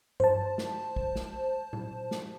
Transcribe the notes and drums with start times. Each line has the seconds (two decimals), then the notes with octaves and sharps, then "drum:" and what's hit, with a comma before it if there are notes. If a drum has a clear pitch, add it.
0.20 C5 A5, drum: tom G2
0.58 drum: snare
0.96 drum: kick
1.16 drum: snare
1.73 drum: tom A#2
2.11 drum: snare